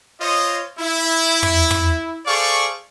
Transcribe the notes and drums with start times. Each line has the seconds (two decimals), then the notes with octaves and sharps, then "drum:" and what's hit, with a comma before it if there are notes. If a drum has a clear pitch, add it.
0.21 F4 C5 C#5 D#5
0.80 E4
1.43 drum: tom
1.71 drum: tom
2.26 G#4 A4 C5 D5 F5 C#6